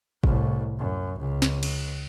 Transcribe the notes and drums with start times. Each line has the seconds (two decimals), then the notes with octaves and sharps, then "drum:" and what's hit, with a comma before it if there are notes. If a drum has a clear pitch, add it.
0.24 C2 A2, drum: kick
0.78 F#2
1.19 C#2
1.42 drum: snare
1.63 drum: cymbal